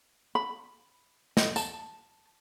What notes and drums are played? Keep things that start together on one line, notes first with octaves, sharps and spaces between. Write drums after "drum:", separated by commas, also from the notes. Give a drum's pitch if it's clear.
B5
D#5, drum: snare
A5, drum: tambourine